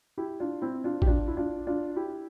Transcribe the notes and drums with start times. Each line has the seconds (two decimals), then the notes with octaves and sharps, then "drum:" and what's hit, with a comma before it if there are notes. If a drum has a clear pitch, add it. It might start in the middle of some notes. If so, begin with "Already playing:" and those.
0.18 E4 G4
0.40 D4 F4
0.62 C4 E4
0.84 D4 F4
1.02 G4, drum: kick A1
1.07 D4 F4
1.28 E4
1.37 D4 F4
1.67 D4 F4
1.96 E4 G4